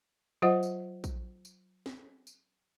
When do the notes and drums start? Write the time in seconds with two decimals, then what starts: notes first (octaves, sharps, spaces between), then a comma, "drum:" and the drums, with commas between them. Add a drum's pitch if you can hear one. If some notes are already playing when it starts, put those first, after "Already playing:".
0.42 F#3 F4 C5 D#5 F#5
0.63 drum: tambourine
1.04 drum: kick, tambourine
1.45 drum: tambourine
1.86 drum: snare
2.27 drum: tambourine